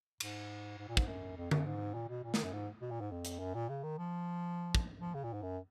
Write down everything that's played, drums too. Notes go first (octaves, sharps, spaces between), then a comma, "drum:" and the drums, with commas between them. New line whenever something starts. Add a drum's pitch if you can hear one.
G#2, drum: cymbal
G#2
A#2
G#2, drum: kick
F#2
F2
F#2, drum: tom D3
G#2
A#2
B2
A#2
D#3, drum: snare
F#2
G#2
B2
A#2
G#2
F2
drum: hi-hat
F#2
A#2
C#3
D#3
F3
drum: kick
F3
C#3
A#2
G#2
F#2